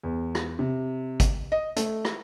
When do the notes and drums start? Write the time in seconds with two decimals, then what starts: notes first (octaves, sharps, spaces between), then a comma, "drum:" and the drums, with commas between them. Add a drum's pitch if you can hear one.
0.03 E2
0.35 drum: rim click
0.59 C3
1.20 drum: kick G#1, hi-hat
1.52 D#5
1.76 A3, drum: hi-hat
2.05 drum: rim click